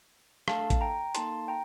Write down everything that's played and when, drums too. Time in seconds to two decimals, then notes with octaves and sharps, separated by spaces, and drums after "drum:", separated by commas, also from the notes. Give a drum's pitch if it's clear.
0.48 A3 D4 A4 F5 A5, drum: rim click
0.70 drum: kick, hi-hat
0.81 G5 A#5
1.15 A#3 D#4 A4 A5 C6, drum: hi-hat
1.48 G5 A#5